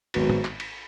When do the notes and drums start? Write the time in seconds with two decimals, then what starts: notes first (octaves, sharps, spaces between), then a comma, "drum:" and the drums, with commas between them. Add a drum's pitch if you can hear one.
0.14 G#1 G#2 F#3 B3 F#4, drum: cymbal
0.30 drum: tom
0.45 drum: clap
0.60 drum: cymbal